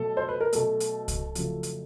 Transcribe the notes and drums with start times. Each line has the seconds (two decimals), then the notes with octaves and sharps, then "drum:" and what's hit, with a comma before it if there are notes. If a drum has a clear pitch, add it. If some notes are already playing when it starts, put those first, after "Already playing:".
Already playing: B2 F#3 A3 A4
0.17 C5
0.29 B4
0.41 A#4
0.53 B2 F#3 A3 A4, drum: hi-hat
0.80 drum: hi-hat
1.08 drum: kick C2, hi-hat
1.35 F2 C#3 F#3 A3, drum: hi-hat
1.63 drum: hi-hat